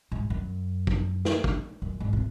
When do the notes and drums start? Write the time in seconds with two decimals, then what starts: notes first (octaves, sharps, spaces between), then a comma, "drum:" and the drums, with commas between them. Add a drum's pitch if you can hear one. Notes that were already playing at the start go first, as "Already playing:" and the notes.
0.12 G#2
0.30 F#2
0.87 drum: kick
1.25 drum: snare
1.44 drum: kick
1.82 F#2
2.00 G#2
2.13 C3